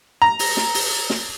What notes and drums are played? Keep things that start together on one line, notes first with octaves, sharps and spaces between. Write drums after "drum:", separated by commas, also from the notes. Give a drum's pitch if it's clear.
A#5
drum: open hi-hat
drum: snare
drum: open hi-hat
drum: snare